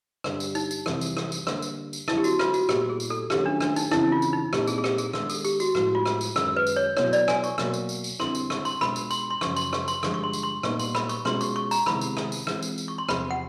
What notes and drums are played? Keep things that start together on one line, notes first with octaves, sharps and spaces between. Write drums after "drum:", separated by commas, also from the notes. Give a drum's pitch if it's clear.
G2 D3 G3, drum: rim click
drum: tambourine
D#4, drum: tambourine
drum: tambourine
F2 C3 E3 G3, drum: rim click
drum: tambourine
drum: rim click
drum: tambourine
D3 G3 A#3, drum: rim click
drum: tambourine
drum: tambourine
F2 D3 F#3 E4, drum: rim click
G4
F#4, drum: tambourine
F4, drum: rim click
F#4, drum: tambourine
A#2 G3 B3 E4 G4, drum: rim click
G#4
drum: tambourine
A4
D#3 F#3 A3 C#4 F4 G4, drum: rim click
D4
D4, drum: rim click
D#4, drum: tambourine
F2 C#3 E3 E4, drum: rim click
F4
drum: tambourine
D#4
A#2 G3 C4 D#4 G4, drum: rim click
G#4, drum: tambourine
G#4
G4, drum: rim click
G#4, drum: tambourine
D#3 G#3 B3 D4 A#4, drum: rim click
A4, drum: tambourine
G4, drum: tambourine
F#4, drum: tambourine
A2 F3 G#3 B3 E4 F#4, drum: rim click
F4
drum: rim click
drum: tambourine
F#2 D#3 G#3 A#4, drum: rim click
B4
drum: tambourine
C#5
B2 F#3 B3 E4 C#5, drum: rim click
D5, drum: tambourine
G#5, drum: rim click
C#6, drum: tambourine
B2 F#3 A#3, drum: rim click
drum: tambourine
drum: tambourine
drum: tambourine
F2 D3 G3 C4 E4 C6, drum: rim click
drum: tambourine
C#6, drum: rim click
C6, drum: tambourine
B2 G#3 B3 D4 F4 B5, drum: rim click
drum: tambourine
C6, drum: tambourine
C6
F#2 C#3 F3 C#6, drum: rim click
C6, drum: tambourine
C#6, drum: rim click
C6, drum: tambourine
G2 D3 F3 G#3 C#6, drum: rim click
C#6
C6
drum: tambourine
C6
A#2 G3 B3 D#4 C#6, drum: rim click
C6, drum: tambourine
B5, drum: rim click
C#6, drum: tambourine
B2 G#3 C#4 F4 C6, drum: rim click
C#6, drum: tambourine
C#6
A#5, drum: tambourine
C3 D#3 G#3 B3 E4 B5, drum: rim click
drum: tambourine
drum: rim click
drum: tambourine
E3 G#3 C4 F4, drum: rim click
drum: tambourine
drum: tambourine
C#6
C6
E2 C3 F3 B5, drum: rim click
F#5